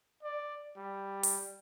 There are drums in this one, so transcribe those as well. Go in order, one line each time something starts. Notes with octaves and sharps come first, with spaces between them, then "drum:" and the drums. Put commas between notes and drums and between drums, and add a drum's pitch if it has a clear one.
D5
G3
drum: open hi-hat